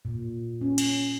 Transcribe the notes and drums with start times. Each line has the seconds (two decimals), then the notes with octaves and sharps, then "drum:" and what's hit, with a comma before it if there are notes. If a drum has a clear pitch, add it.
0.05 A#2
0.61 C#4
0.78 drum: cymbal